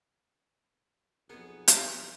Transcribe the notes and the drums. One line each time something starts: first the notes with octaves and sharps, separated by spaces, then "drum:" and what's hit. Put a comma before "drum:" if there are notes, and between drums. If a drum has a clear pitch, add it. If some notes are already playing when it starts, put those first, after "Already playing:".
B1 F2 B3 G#4 A#4
drum: hi-hat